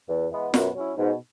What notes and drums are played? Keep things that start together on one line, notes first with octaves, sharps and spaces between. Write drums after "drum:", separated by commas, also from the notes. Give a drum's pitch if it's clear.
E2
E3 G#3 B3
F#2 B2, drum: snare
F#3 C#4 E4
G#2 B2